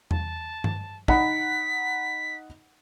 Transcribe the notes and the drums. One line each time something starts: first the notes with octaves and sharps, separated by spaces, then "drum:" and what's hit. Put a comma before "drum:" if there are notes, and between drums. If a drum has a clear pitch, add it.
A5, drum: tom E2
drum: tom G2
D#4 F#5 B5 B6, drum: kick